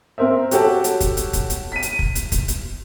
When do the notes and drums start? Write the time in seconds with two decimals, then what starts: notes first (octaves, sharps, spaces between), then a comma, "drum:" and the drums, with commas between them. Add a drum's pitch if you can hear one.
0.18 C4 A#4 C5 E5
0.51 F#4 G4 A4 C#5 F#5 A5, drum: hi-hat
0.84 drum: hi-hat
1.00 drum: kick, hi-hat
1.17 drum: hi-hat
1.33 drum: kick, hi-hat
1.50 drum: hi-hat
1.72 B6 D#7
1.83 drum: hi-hat
1.99 drum: kick
2.15 drum: hi-hat
2.32 drum: kick, hi-hat
2.48 drum: hi-hat